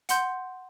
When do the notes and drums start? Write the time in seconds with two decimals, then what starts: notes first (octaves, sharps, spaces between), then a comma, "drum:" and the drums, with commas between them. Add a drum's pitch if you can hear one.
0.09 F#5 C6 G6, drum: hi-hat